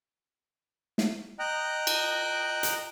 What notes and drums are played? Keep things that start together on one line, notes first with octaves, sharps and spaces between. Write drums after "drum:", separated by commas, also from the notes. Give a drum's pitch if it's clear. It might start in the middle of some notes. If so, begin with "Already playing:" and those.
drum: snare
D#5 G5 A#5 F#6
drum: cymbal
drum: hi-hat